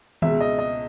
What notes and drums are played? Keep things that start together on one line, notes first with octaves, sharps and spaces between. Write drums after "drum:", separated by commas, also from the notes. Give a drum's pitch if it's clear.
C#2 B2 G#3 E5, drum: tom D#3
D#5
D#5